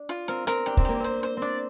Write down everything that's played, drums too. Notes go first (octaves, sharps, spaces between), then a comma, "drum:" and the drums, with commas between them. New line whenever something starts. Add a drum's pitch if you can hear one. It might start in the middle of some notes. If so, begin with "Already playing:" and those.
Already playing: D4
F4
C4 A#4
C4 A#4, drum: hi-hat
D4 G4
C4, drum: kick
A#3 G4
C4 C5
C5
C4 D4 D5